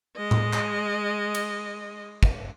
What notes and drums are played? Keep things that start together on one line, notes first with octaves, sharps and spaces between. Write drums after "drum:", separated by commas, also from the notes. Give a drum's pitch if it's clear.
G#3 D#5
drum: tom A2
drum: clap
drum: cymbal
drum: kick